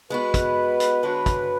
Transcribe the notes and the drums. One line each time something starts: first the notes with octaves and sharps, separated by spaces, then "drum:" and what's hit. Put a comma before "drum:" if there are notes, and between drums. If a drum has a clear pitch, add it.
G#3 B3 F#4 B4
drum: kick, hi-hat
drum: hi-hat
D3 G#3 D4 F#4 C#5
drum: kick, hi-hat